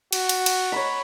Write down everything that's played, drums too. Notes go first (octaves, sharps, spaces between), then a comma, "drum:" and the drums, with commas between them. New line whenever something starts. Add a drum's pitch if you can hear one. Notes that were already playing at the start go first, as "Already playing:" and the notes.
F#4, drum: cymbal
drum: cymbal
drum: cymbal
C#5 B5